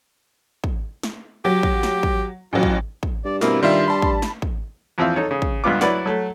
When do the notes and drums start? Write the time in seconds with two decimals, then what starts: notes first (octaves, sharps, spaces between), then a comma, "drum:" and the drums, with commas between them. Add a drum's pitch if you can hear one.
0.64 drum: kick
1.03 drum: snare
1.45 F#3 G4
1.63 drum: kick
1.83 drum: snare
2.03 drum: kick
2.53 A1 F#3 F4
2.63 drum: kick
3.03 drum: kick
3.25 G2 D5
3.41 B2 A#3 C4 E4, drum: snare
3.63 D#3 G3 F4 E5 C6
3.88 G3 A5 B5
4.02 drum: kick
4.22 drum: snare
4.42 drum: kick
4.98 E2 F3 C4 E5 F5
5.16 D#4 A4 C#5
5.31 C#3
5.42 drum: kick
5.64 C#2 G2 B3 F4 D6
5.81 F#3 E4 F#4 B4 D5 F#5, drum: snare
6.06 F#3 A3